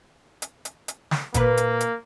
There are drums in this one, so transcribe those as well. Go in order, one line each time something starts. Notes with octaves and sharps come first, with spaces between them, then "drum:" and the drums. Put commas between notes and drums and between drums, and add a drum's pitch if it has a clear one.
drum: hi-hat
drum: hi-hat
drum: hi-hat
drum: snare
A#2 A#3 B4, drum: kick, hi-hat
drum: hi-hat
drum: hi-hat